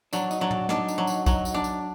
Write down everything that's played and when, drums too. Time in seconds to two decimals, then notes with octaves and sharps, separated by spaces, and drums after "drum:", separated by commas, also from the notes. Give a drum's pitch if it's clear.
0.13 F#3 D4, drum: tambourine
0.31 D#4, drum: tambourine
0.41 F#3 D4
0.51 drum: tom
0.69 D4 D#4, drum: snare
0.88 drum: tambourine
0.98 F#3
1.07 drum: tambourine
1.26 F#3, drum: kick B1, tambourine
1.45 drum: tambourine
1.54 D4
1.64 drum: tambourine